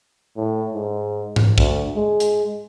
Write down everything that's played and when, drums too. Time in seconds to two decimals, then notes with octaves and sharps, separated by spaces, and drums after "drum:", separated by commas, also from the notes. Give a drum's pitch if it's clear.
0.37 A2
0.74 G#2
1.36 drum: tom G#2
1.58 D2, drum: kick
1.96 G#3
2.20 drum: hi-hat